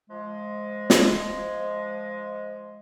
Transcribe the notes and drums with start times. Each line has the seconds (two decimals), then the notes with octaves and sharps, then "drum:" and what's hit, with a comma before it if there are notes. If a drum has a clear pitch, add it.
0.10 F3 G#3
0.90 drum: snare